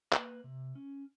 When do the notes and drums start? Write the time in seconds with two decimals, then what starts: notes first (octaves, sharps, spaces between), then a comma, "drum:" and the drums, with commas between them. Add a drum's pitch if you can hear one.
0.13 A#3 B4, drum: clap
0.44 C3
0.75 C#4